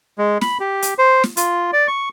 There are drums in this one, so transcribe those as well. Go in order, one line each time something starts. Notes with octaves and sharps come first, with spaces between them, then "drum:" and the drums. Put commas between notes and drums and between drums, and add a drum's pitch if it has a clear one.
G#3
B5, drum: snare
G4
drum: hi-hat
C5
drum: snare
F4, drum: hi-hat
D5
C#6